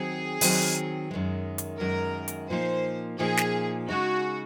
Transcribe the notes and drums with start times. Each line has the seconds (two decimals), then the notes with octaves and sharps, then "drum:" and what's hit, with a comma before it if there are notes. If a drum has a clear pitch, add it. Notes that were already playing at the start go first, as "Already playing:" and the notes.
Already playing: D#3 F#3 C4 G#4
0.41 D#3 F#3 C4, drum: open hi-hat
1.11 F#2 D#3 G#3
1.58 drum: hi-hat
1.80 F#2 D#3 G#3 A#4
2.28 drum: hi-hat
2.50 A#2 F3 A#3 D#4 C5
3.19 A#2 F3 A#3 D#4 G#4
3.37 drum: snare
3.88 C#3 G#3 D#4 F#4